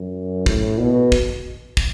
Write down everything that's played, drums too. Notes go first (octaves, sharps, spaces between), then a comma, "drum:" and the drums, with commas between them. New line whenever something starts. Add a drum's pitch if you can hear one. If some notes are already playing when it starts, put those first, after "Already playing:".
Already playing: F#2
A2, drum: kick
B2
drum: kick
drum: kick